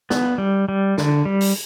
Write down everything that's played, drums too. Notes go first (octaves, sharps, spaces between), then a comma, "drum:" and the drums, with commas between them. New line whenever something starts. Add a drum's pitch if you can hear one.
B3, drum: snare
G3
G3
D3, drum: snare
G3
drum: open hi-hat